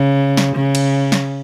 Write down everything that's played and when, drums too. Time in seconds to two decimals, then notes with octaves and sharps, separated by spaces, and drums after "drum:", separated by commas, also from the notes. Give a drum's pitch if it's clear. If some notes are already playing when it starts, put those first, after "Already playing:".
Already playing: C#3
0.37 drum: snare
0.56 C#3
0.75 drum: cymbal
1.12 drum: snare